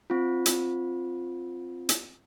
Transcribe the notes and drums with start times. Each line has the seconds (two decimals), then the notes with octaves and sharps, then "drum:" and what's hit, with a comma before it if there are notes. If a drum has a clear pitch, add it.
0.10 C4 F4
0.46 drum: hi-hat
1.89 drum: hi-hat